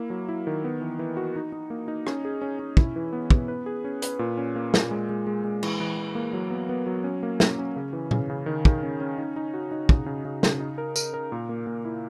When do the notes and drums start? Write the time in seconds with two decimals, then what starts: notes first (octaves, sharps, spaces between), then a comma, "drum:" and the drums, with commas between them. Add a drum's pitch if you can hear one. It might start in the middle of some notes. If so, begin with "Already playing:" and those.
Already playing: A#3 E4
0.10 F#3
0.29 E4
0.47 D#3
0.64 B3
0.81 E3
0.99 E3
1.17 F#4
1.36 D#4
1.52 D#4
1.70 A#3
1.88 D#4
2.07 C#4, drum: rim click
2.25 G#4
2.42 C#4
2.59 C#4
2.77 E4, drum: kick
2.96 E3
3.13 B3
3.30 B3, drum: kick
3.48 B4
3.66 G#4
3.84 C#4
4.02 B4, drum: hi-hat
4.19 A#2
4.37 C#4
4.56 A#3
4.74 A#2, drum: snare
4.91 G#3
5.09 G#3
5.27 G#3
5.44 G#3
5.63 E3, drum: cymbal
5.80 E3
5.98 E3
6.15 A#3
6.33 F#3
6.51 B3
6.69 B3
6.86 F#3
7.04 C#4
7.23 A#3
7.40 C#4, drum: snare
7.58 C#4
7.76 C#3
7.93 E3
8.11 C#3, drum: tom A#2
8.30 C#3
8.46 D#3
8.65 D#3, drum: kick
8.83 C#4
9.00 C#4
9.18 D#4
9.36 D#4
9.54 F#4
9.71 D#4
9.89 C#3, drum: kick
10.06 C#3
10.25 C#3
10.43 C#3, drum: snare
10.60 D#4
10.78 A#4
10.96 A#4, drum: tambourine
11.14 A#4
11.32 A#2
11.49 A#3
11.67 A#2
11.85 E4